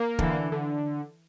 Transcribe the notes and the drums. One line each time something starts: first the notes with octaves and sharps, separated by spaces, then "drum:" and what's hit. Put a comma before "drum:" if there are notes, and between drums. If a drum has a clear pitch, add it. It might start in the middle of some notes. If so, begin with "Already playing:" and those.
Already playing: A#3
D3 E3, drum: kick
D3